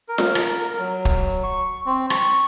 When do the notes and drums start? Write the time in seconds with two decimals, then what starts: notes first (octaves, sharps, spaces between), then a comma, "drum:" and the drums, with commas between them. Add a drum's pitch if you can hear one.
0.09 A#4
0.18 drum: snare
0.35 drum: rim click
0.60 A#4
0.79 F#3
1.05 drum: kick
1.43 C#6
1.86 C4
2.10 C#6, drum: rim click